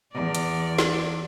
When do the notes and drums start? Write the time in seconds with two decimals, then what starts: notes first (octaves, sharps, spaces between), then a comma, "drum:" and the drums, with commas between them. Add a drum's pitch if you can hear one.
0.13 E2 D5
0.35 drum: hi-hat
0.78 drum: snare